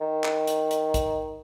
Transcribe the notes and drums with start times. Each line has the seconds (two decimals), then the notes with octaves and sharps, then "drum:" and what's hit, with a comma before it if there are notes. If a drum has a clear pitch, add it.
0.01 D#3
0.24 drum: clap
0.47 drum: hi-hat
0.71 drum: hi-hat
0.94 drum: kick A#1, hi-hat